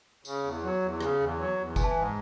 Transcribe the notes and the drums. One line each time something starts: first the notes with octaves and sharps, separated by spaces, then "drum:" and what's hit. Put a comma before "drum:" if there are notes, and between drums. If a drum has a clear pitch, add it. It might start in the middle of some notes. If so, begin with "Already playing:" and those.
C#3, drum: tambourine
E2
F#3
E2
C#3, drum: rim click
E2
F#3
E2
E3 G#5, drum: kick F1, tambourine
A5
G#5
G#2